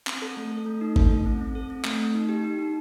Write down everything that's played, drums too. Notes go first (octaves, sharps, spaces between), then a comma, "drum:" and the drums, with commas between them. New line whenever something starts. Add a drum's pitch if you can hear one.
C4, drum: clap
A4
A3
A4
A3
D#4
A3, drum: kick G#1
A4
C4
C4
A4
C4
A3, drum: clap
A3
D#4
G4
D#4
D#4